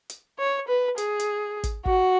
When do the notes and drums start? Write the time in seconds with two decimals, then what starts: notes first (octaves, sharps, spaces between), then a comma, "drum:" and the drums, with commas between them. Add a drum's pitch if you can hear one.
0.10 drum: hi-hat
0.39 C#5
0.68 B4
0.98 G#4, drum: hi-hat
1.20 drum: hi-hat
1.64 drum: kick, hi-hat
1.86 F#4, drum: kick